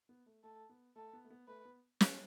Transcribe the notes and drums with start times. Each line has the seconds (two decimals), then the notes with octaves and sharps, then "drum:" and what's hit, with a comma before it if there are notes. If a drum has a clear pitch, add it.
0.09 B3
0.26 A3
0.44 A3 A4
0.69 B3
0.96 A3 A4
1.13 B3
1.25 A3
1.30 B3
1.48 A3 B4
1.65 B3
2.01 B3, drum: snare